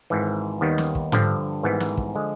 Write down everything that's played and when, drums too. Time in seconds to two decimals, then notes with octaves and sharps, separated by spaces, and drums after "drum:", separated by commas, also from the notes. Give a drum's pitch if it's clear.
0.10 G#1 G#2 E3
0.61 D#2 D#3 G3 B3
0.78 drum: snare
0.95 drum: kick
1.12 G2 D3 F3, drum: tom G#2
1.63 G#1 G#2 E3 G3 B3
1.80 drum: snare
1.97 drum: kick
2.15 D3 F3 G#3